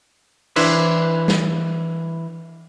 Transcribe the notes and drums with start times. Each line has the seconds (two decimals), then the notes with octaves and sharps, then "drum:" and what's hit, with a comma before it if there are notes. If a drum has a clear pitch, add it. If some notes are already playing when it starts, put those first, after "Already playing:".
0.56 E3 D4 E4 B4 C5, drum: cymbal
1.28 drum: snare